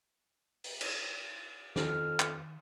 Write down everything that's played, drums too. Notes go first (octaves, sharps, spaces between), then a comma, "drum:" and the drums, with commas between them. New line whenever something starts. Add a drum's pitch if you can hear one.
drum: open hi-hat
drum: cymbal
F2 D#3 F6, drum: snare
drum: clap